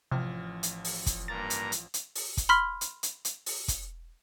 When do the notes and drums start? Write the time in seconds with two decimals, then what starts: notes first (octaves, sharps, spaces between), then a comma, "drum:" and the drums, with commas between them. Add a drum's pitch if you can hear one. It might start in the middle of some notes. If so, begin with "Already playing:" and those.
0.11 A1 C3 F3 F6
0.63 drum: hi-hat
0.85 drum: open hi-hat
1.06 drum: kick, hi-hat
1.28 G2 A#3 A#5 A6
1.50 drum: hi-hat
1.72 drum: hi-hat
1.94 drum: hi-hat
2.16 drum: open hi-hat
2.37 drum: kick, hi-hat
2.49 B5 C6 F6 B6
2.81 drum: hi-hat
3.03 drum: hi-hat
3.25 drum: hi-hat
3.46 drum: open hi-hat
3.68 drum: kick, hi-hat